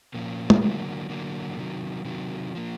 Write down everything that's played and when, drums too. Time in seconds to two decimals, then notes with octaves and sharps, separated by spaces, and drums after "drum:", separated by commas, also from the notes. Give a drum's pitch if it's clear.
0.14 A#2 F3 A#3 C#4
0.50 drum: tom G#3
0.62 D3 F#3 A#3
1.10 D3 F#3 A#3
1.57 C3 D#3 F#3
2.05 C3 D#3 F#3
2.55 F3 A#3